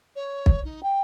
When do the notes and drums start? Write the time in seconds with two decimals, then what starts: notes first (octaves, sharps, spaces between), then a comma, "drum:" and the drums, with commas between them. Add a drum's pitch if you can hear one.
0.16 C#5
0.46 drum: kick
0.64 D#4
0.83 G5